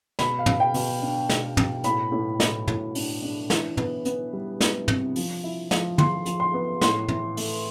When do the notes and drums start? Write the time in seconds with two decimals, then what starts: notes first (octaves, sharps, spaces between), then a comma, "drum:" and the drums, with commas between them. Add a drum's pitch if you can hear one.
0.19 B2 B5, drum: snare
0.39 F5
0.46 B2, drum: tom
0.60 G5
0.74 B2, drum: open hi-hat
1.02 D4
1.29 B2, drum: snare
1.57 B2, drum: tom
1.84 A2 B5, drum: hi-hat
2.12 A2
2.40 A2, drum: snare
2.67 A2, drum: tom
2.95 D4, drum: open hi-hat
3.23 D4
3.50 E3, drum: snare
3.77 B3, drum: tom
4.05 B3, drum: hi-hat
4.33 G3
4.60 B3, drum: snare
4.88 C3, drum: tom
5.16 F3, drum: open hi-hat
5.44 E4
5.71 F3, drum: snare
5.98 F3 C6, drum: tom
6.26 F3, drum: hi-hat
6.40 C6
6.54 B3
6.81 A2 C6, drum: snare
7.08 E3, drum: tom
7.37 A3, drum: open hi-hat